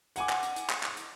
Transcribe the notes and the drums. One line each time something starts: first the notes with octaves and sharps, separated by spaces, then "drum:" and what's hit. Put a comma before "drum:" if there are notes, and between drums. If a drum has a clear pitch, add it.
F#5 G#5 D6, drum: hi-hat
drum: clap
drum: hi-hat
drum: hi-hat
drum: clap
drum: clap
drum: hi-hat